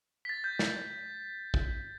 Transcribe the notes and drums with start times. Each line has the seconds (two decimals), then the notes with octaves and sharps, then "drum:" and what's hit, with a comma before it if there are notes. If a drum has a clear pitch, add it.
0.25 B6
0.29 A6
0.44 G6
0.59 A6, drum: snare
1.54 drum: kick